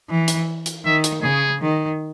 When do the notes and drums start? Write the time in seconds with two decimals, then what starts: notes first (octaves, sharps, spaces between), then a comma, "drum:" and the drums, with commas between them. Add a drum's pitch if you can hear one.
0.09 E3
0.28 drum: hi-hat
0.66 drum: hi-hat
0.85 D#3 E5
1.04 drum: hi-hat
1.22 C#3 G#4
1.61 D#3